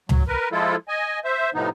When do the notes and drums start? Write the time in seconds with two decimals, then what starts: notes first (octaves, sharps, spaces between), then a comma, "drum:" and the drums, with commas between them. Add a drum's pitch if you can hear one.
0.09 F#3, drum: tom C#2
0.28 A#4 B4
0.52 F3 G#3 E4 F4 A4
0.88 D#5 G#5
1.25 C5 E5
1.54 A2 C3 F3 B3 D#4